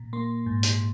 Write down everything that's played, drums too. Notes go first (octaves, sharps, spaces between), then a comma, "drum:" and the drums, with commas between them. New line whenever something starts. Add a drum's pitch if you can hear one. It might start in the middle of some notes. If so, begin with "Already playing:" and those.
Already playing: A#2
A#3 C6
G#2
drum: hi-hat